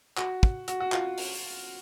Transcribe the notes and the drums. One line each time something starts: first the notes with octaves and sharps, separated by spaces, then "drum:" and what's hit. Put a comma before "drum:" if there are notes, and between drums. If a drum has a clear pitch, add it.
F#4, drum: clap
drum: kick
F#4, drum: hi-hat
F#4
F4, drum: clap
drum: open hi-hat